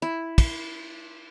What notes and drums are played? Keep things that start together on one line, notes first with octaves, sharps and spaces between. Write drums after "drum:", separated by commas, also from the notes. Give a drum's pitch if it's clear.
E4
drum: kick, cymbal